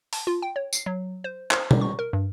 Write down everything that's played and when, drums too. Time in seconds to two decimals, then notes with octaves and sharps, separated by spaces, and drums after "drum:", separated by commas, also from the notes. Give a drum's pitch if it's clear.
0.13 A5, drum: open hi-hat
0.27 F4
0.42 G5
0.56 C#5
0.73 C7, drum: tambourine
0.86 F#3
1.24 C5
1.51 C5, drum: clap
1.71 drum: tom B2
1.81 C#6
1.99 A#4
2.13 G2